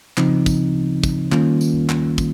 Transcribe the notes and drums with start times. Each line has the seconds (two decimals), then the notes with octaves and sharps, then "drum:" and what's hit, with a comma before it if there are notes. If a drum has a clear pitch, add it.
0.17 C#3 F3 C4 D#4, drum: clap
0.46 drum: kick, tambourine
1.04 drum: kick, tambourine
1.32 D#3 G3 A#3 C#4 F4, drum: clap
1.61 drum: tambourine
1.89 drum: clap
2.18 drum: kick, tambourine